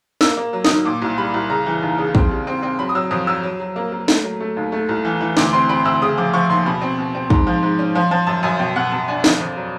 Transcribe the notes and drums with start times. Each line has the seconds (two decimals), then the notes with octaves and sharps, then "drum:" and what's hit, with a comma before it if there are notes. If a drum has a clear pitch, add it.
0.21 A#3 E6, drum: snare
0.37 A#3
0.53 F#3
0.65 D#6, drum: snare
0.69 D#3
0.85 A#2 D6
1.02 C2
1.18 G3 B5
1.34 C2
1.50 C#3 A#5
1.66 E3
1.82 D#2
1.98 C#3
2.15 C4, drum: kick
2.31 G3
2.47 C4
2.63 C4
2.79 F#3 B5
2.89 D#6
2.95 F#3 E6
3.11 F2 D#6
3.27 F#3 E6
3.43 F#3
3.60 F#3
3.76 A#3
3.92 A#3
4.08 A3, drum: snare
4.24 F#3
4.40 A3
4.57 D#2
4.72 A3
4.89 C2
5.05 E3
5.21 E3
5.37 D2 D6, drum: snare
5.53 C4 C6
5.69 C4 B5
5.85 D2 E6
6.01 C#3 D#6
6.18 F3 D6
6.34 F3 C#6
6.50 D#2 C6
6.66 B2 B5
6.81 C4
6.98 B2
7.15 C4
7.30 G#2, drum: kick
7.47 F3
7.63 G#2
7.79 C#4
7.95 F3
8.11 F3 A5
8.27 F#2 A5
8.43 F#2 G#5
8.59 B2 G5
8.76 B2 F#5
8.92 B2 A5
9.08 D4 G#5
9.24 F2, drum: snare
9.40 F2
9.56 F#3